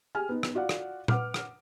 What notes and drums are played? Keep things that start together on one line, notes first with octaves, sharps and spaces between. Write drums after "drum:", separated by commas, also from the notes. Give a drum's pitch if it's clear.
G4 G#4 G#5 F6
B3 D#4
drum: rim click
F4 F#4 D5 F5 F#5
drum: rim click
B4 F#5 D6 F6, drum: tom A#2
drum: rim click